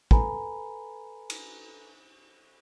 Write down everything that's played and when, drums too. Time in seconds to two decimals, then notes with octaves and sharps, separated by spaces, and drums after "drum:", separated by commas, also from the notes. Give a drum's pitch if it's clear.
0.11 A4 B4 G#5 A#5 B5, drum: kick
1.30 drum: cymbal